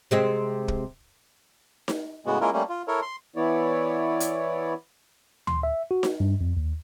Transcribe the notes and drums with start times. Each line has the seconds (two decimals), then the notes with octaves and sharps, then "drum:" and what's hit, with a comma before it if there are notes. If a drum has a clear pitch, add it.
0.11 C3 G#3 C4
0.68 drum: kick
1.88 drum: snare D#4
2.26 A2 C#3 G#3 B3 F#4
2.41 G#3 A#3 C#4 E4 F4 A#4
2.53 G3 A3 A#3 C#4
2.69 F4
2.88 E4 A4 A#4 C#5
3.02 C6
3.36 E3 B3 E4 C#5 D5
4.20 drum: hi-hat
5.47 C6, drum: tom D2
5.63 E5
5.91 F#4
6.03 drum: snare D#4
6.20 G2
6.41 F2
6.57 D#2